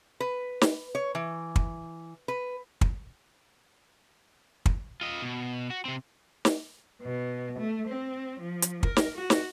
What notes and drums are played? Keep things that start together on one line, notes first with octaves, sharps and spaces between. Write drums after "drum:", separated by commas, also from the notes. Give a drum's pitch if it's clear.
B4
drum: snare
C#5
E3
drum: kick
B4
drum: kick
drum: kick
F4 D#5
B2
F#4
C3 C4
drum: snare
B2
A3
C4
F3
drum: hi-hat
A#4, drum: kick
drum: snare
F#4
drum: snare